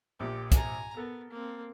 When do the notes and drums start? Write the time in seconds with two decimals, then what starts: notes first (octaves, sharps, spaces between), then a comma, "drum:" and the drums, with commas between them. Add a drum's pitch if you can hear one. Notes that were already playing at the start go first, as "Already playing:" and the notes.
0.20 A#1 A#2 G4
0.52 G#5 A#5, drum: kick, hi-hat
0.97 B3 A4 A#4
1.31 A#3 C4